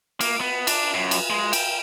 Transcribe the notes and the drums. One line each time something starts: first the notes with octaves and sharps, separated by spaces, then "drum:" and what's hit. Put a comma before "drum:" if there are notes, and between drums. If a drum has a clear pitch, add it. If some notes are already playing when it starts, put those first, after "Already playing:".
A#3, drum: cymbal
B3
D4, drum: cymbal
F#2
drum: cymbal
G#3
G5, drum: cymbal